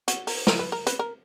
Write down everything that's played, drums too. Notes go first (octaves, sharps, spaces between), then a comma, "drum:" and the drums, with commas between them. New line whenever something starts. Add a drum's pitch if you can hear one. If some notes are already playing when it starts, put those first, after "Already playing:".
F#4, drum: hi-hat
A#4, drum: open hi-hat
A#4, drum: snare
B4
A#4
B4, drum: hi-hat
A#4